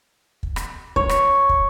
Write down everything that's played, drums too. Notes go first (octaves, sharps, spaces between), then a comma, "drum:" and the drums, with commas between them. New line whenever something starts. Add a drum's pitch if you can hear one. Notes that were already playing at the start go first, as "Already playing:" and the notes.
drum: kick
drum: rim click
C#5, drum: kick
drum: rim click
drum: kick